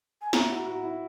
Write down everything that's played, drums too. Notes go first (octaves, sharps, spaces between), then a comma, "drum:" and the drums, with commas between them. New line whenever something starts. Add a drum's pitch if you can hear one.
G#5
E4 A#5, drum: snare
F#4
F#4
E4